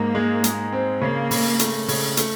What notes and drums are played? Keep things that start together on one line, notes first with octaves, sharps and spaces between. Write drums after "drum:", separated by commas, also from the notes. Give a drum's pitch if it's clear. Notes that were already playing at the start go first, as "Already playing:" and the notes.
Already playing: G#2 A#3
G#3
G#3, drum: hi-hat
C4
C#3 A#3
C#3, drum: open hi-hat
A3, drum: hi-hat
C#3, drum: open hi-hat
A3, drum: hi-hat